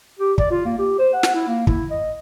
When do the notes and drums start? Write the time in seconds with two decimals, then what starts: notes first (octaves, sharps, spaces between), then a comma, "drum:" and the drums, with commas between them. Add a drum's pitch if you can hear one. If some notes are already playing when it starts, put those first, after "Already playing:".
0.19 G4
0.38 D5, drum: kick
0.51 F4
0.65 A#3
0.79 G4
0.99 C5
1.13 F#5
1.23 drum: snare
1.35 E4
1.47 A#3
1.67 E4, drum: kick
1.91 D#5